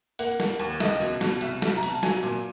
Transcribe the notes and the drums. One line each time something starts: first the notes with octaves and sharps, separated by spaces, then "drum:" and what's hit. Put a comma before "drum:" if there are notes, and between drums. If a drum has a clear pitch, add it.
A#3 F#5, drum: open hi-hat
A#3, drum: snare
D#2, drum: hi-hat
C#2 D#5, drum: snare
B2, drum: open hi-hat
B2, drum: snare
C2 E5, drum: hi-hat
F#3, drum: snare
A#5
B2, drum: open hi-hat
A5
F#3 G#5, drum: snare
A#2, drum: hi-hat